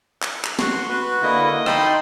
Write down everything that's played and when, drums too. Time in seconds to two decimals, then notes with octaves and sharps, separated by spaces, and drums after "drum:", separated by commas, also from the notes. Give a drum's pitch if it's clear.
0.22 drum: clap
0.44 drum: clap
0.59 F#4 C6, drum: snare
0.89 F#4 B4
1.22 D3 A#3 E4 D#5
1.66 D#4 G5 A5 B5 C6, drum: rim click